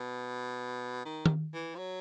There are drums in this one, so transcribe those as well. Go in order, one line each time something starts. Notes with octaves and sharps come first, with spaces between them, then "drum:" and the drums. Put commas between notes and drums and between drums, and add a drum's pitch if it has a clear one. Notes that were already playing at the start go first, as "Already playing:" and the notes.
Already playing: B2
D#3
drum: tom D#3
E3
F3
F#3